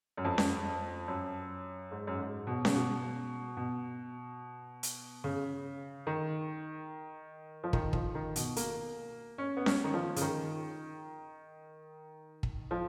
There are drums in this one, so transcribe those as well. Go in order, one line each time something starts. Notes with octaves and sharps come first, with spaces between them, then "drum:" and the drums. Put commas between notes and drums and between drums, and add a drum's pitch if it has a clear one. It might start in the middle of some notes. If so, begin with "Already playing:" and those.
F#2
F2
drum: snare C#4
F#2
G#2
F#2
G#2
B2
C#3, drum: snare C#4
B2
B2
drum: hi-hat
C#3
D#3
F3
D#3, drum: kick
F3, drum: kick
D#3
B2, drum: hi-hat
A#3, drum: hi-hat
C#4
B3
C#4, drum: snare C#4
D#3
F3
C#3, drum: hi-hat
D#3
drum: kick
F3